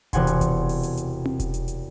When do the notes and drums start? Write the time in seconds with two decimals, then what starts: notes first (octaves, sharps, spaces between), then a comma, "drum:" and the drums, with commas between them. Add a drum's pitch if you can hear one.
0.13 E1 C3 F#5 G#5 C6, drum: kick E1, hi-hat
0.27 drum: hi-hat
0.41 drum: kick E1, hi-hat
0.69 drum: open hi-hat
0.83 drum: hi-hat
0.97 drum: hi-hat
1.26 drum: tom C4
1.40 drum: kick E1, hi-hat
1.54 drum: hi-hat
1.68 drum: hi-hat